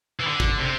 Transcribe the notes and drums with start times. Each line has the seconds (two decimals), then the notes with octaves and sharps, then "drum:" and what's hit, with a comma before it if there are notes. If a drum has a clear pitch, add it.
0.20 E3
0.27 D3
0.40 drum: kick
0.58 C3